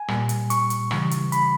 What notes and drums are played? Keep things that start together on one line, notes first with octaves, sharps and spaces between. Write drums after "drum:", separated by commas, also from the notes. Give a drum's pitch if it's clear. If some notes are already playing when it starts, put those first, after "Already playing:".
Already playing: G#5
A#2 G3, drum: rim click
drum: hi-hat
C#6, drum: hi-hat
drum: hi-hat
C#3 E3 G3, drum: rim click
drum: hi-hat
B5, drum: hi-hat